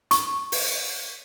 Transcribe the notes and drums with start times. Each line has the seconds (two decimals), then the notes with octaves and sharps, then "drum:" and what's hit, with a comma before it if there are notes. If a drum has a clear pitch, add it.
0.11 C#6, drum: hi-hat
0.52 drum: open hi-hat